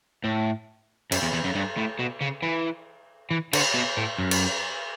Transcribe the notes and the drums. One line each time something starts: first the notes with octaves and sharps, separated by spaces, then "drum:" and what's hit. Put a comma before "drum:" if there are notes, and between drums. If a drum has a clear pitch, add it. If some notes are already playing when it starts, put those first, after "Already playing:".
A2
F#2, drum: cymbal
E2
E2
F#2
G2
A2
B2
C#3
E3
E3
D3, drum: cymbal
B2
A2
F#2
drum: cymbal